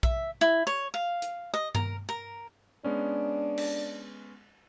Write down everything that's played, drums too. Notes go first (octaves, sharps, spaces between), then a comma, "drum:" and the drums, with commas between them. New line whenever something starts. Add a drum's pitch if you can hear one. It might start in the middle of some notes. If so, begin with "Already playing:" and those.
E5, drum: kick A#1
E4
C#5
F5
drum: hi-hat
D#5
A#4, drum: tom G2
A#4
G#3 B3 C#4 D4
drum: cymbal